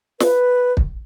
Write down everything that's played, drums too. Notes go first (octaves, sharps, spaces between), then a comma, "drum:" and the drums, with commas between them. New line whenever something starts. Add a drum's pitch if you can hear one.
B4, drum: snare
drum: kick